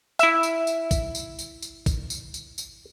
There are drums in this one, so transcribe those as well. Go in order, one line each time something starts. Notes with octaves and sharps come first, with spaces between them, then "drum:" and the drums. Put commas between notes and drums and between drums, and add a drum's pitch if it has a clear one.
E4 E5, drum: tambourine
drum: tambourine
drum: tambourine
drum: kick, tambourine
drum: tambourine
drum: tambourine
drum: tambourine
drum: kick, tambourine
drum: tambourine
drum: tambourine
drum: tambourine